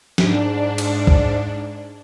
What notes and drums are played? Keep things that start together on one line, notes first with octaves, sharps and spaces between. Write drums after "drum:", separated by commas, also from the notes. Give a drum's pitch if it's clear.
G#2 D4, drum: snare
drum: cymbal
drum: kick